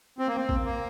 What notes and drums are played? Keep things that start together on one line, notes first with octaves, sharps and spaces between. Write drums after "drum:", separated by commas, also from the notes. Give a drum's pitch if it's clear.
C4
A#3
C4
drum: kick A1
A#3